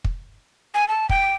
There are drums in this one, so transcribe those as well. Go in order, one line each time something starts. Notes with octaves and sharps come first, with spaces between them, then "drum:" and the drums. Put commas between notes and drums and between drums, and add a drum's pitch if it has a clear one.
drum: kick
G#5
A5
G5, drum: kick